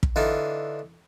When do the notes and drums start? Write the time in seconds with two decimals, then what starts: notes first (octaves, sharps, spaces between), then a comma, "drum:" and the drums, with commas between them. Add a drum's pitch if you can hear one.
0.03 drum: kick
0.16 D3 E3 D#4 F4